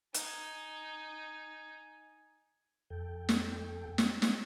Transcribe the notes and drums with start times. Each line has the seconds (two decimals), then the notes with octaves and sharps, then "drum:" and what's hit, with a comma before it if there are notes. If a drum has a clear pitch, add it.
0.14 D#4 G#5, drum: hi-hat
2.90 F2 A4 G5
3.29 drum: snare
3.98 drum: snare
4.22 drum: snare